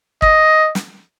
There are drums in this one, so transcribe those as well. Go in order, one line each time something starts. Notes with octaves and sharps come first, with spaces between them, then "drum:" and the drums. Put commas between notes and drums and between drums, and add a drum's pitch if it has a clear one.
D#5, drum: kick
drum: snare